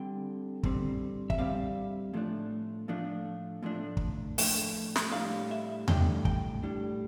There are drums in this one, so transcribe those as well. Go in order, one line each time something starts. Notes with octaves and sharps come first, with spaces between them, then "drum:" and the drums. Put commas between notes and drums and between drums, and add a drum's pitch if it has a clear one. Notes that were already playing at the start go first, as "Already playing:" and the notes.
Already playing: D3 G3 C4 G5
D3 G3 C4, drum: kick
E5, drum: kick
D3 G3 C4 F5
A2 F3 A3 D4
A2 F3 A3 D4
A2 F3 A3 D4
drum: kick
A2 F3 A3 D4 G5, drum: open hi-hat
drum: snare
A2 G3 D4 F5
E5
A2 G3 D4 G5, drum: tom E2
G5, drum: kick
A2 G3 D4